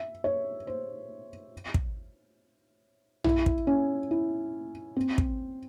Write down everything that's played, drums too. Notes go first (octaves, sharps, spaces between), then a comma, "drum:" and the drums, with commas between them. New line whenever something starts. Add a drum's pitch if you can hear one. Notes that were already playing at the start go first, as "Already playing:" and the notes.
Already playing: E5
C#5
C5
drum: kick
E4, drum: tom
drum: kick
C#4
E4
C4
drum: kick